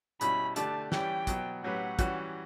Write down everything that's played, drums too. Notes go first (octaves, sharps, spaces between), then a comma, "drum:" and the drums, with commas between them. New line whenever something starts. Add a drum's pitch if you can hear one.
B2 G3 C#4 E4 B5, drum: hi-hat
D3 A3 D4 G4 D5 A5, drum: hi-hat
E3 G3 C#4 G4 D5 G5, drum: snare
B2 F#3 B3, drum: kick, hi-hat
A2 F#3 C#4 G4 B4 F#5
E3 G3 C#4 F#4, drum: kick, hi-hat